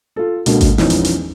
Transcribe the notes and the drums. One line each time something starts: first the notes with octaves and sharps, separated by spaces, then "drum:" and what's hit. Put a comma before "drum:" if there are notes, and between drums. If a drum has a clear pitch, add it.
F4 A4
C#2 B2 D3 A#3, drum: hi-hat
drum: kick G#1, hi-hat
E1 E2 E3 F3 C#4 D#4, drum: snare
drum: hi-hat
drum: hi-hat